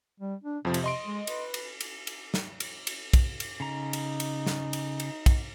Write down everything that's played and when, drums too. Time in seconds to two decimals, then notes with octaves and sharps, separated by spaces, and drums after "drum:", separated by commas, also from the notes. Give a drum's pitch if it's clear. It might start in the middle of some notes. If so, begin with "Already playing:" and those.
0.20 G3
0.44 D4
0.65 F2 C3 F3
0.74 drum: cymbal
0.84 D#5 C6 D7
1.05 G#3
1.27 B4, drum: cymbal
1.54 drum: cymbal
1.81 drum: cymbal
2.07 drum: cymbal
2.34 drum: snare
2.60 drum: cymbal
2.87 drum: cymbal
3.13 drum: kick, cymbal
3.40 drum: cymbal
3.60 C#3 D#4 A#5
3.93 drum: cymbal
4.20 drum: cymbal
4.46 drum: snare
4.73 drum: cymbal
5.00 drum: cymbal
5.26 drum: kick, cymbal